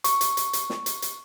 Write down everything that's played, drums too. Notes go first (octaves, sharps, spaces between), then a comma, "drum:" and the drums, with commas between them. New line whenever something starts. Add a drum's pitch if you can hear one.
C#6, drum: hi-hat
drum: hi-hat
drum: hi-hat
drum: hi-hat
drum: snare
drum: hi-hat
drum: hi-hat